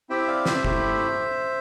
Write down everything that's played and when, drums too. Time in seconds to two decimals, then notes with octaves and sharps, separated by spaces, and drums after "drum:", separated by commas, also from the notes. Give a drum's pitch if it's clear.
0.10 C4 E4 G4 E5 G5
0.28 D5 F5
0.46 C5 E5, drum: snare
0.65 A3 E4 G4, drum: kick F1